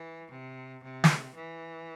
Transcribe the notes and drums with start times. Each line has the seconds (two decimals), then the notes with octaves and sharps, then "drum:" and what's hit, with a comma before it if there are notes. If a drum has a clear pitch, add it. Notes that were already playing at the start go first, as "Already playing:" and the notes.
Already playing: E3
0.31 C3
0.83 C3
1.04 drum: snare
1.35 E3